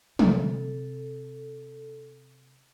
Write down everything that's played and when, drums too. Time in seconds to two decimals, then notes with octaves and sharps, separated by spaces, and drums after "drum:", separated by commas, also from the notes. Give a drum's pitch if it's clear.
0.19 C3 A4, drum: tom